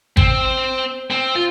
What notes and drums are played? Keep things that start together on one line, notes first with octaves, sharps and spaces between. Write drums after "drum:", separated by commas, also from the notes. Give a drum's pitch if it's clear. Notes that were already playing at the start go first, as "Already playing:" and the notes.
C4, drum: kick G#1
C4
F4